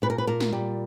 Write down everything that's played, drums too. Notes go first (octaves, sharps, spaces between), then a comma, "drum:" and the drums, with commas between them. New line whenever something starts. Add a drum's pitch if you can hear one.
A#2 B4
A#4
B4
A#2 A#4
drum: snare
G3